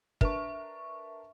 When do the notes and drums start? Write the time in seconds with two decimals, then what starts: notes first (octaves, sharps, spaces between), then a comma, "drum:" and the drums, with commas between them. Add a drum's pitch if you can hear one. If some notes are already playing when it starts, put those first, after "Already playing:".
0.21 D4 A#4 B4 E5 C#6, drum: kick